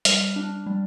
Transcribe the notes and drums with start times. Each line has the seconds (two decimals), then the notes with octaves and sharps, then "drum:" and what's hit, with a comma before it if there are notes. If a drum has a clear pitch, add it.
0.05 G3 F6, drum: hi-hat
0.36 D4
0.66 G3